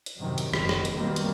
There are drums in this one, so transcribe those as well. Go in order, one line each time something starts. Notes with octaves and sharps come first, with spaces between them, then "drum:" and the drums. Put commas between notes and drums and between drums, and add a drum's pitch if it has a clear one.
drum: hi-hat
F#2 A2 C3 D#3 F#3
drum: hi-hat
F#1 B1 F#2 B2 D#3, drum: rim click
drum: rim click
drum: hi-hat
B2 D#3 G3 A#3 C4
drum: hi-hat